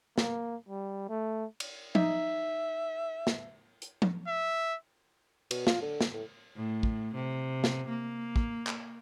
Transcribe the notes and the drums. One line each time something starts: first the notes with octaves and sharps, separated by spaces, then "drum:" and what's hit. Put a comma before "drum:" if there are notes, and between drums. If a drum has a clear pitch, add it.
A#3, drum: snare
G3
A3
drum: cymbal
D#4 E5, drum: tom F3
drum: snare
drum: hi-hat
drum: tom F3
E5
B2, drum: cymbal
F4, drum: snare
D3
drum: snare
A2
A2
drum: kick
C3
drum: snare
A#3
drum: kick
drum: clap